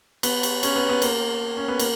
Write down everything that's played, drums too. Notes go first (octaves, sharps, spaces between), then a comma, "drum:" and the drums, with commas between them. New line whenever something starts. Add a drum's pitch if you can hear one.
B3, drum: cymbal
drum: cymbal
C#4, drum: cymbal
B3
B3
A#3, drum: cymbal
C#4
B3
A#3, drum: cymbal